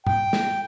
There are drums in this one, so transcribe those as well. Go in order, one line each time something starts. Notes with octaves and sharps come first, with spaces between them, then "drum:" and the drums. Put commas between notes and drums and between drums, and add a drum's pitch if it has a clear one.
G5, drum: tom G#2
drum: snare